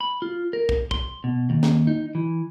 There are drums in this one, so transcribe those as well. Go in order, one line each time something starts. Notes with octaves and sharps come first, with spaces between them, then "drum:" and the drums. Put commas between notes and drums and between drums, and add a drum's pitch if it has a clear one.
B5
F4
A#4
drum: kick
C6, drum: kick
B2
D#2
drum: snare
D#4
E3